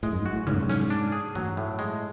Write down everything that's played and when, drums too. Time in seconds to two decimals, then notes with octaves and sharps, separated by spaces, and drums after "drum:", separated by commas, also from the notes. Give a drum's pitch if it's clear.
0.03 A2 G#3, drum: hi-hat
0.12 F#2
0.18 G#2
0.26 F#4
0.32 A2
0.47 G#2 C#4, drum: tom C3
0.54 F#2
0.61 G#2
0.69 C#4, drum: snare
0.90 D4, drum: hi-hat
1.12 G#4
1.35 F#3, drum: tom
1.57 A2
1.79 G#3, drum: hi-hat